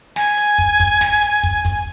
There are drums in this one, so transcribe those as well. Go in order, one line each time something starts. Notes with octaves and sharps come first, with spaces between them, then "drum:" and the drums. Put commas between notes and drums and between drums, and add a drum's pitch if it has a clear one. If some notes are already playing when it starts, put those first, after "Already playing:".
G#5, drum: snare
drum: hi-hat
drum: kick
drum: kick, hi-hat
drum: snare
drum: hi-hat
drum: kick
drum: kick, hi-hat